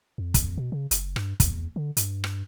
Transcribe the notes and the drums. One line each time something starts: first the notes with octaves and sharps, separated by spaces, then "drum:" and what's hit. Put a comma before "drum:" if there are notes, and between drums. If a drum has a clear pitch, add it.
F2
drum: kick, hi-hat
B2
C#3
F#1, drum: hi-hat
G2, drum: rim click
E2, drum: kick, hi-hat
D3
G2, drum: hi-hat
drum: rim click